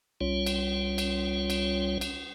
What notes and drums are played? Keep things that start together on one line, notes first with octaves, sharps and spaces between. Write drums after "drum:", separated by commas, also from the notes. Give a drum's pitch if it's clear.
C2 G3 C#4 F4 C#5
drum: cymbal
drum: cymbal
drum: cymbal
drum: cymbal